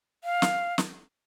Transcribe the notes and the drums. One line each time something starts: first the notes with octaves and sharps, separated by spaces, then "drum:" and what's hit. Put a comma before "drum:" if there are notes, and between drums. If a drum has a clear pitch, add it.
F5
drum: snare
drum: snare